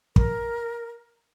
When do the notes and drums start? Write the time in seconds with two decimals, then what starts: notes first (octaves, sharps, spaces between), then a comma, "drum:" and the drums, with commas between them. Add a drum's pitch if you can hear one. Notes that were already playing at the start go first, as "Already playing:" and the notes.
0.16 A#4, drum: kick